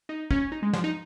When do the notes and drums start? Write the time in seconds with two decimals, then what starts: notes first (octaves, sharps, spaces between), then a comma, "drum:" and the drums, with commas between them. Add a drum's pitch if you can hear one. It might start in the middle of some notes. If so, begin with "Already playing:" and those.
0.09 D#4
0.31 C#4, drum: kick
0.52 D#4
0.62 G#3
0.73 F3, drum: snare
0.84 D#4